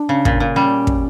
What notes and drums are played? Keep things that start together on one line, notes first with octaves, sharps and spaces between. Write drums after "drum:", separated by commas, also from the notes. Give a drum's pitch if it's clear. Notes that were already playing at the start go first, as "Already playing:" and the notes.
Already playing: D4
C#3
A#2, drum: kick
A#2
G3 C#4
drum: kick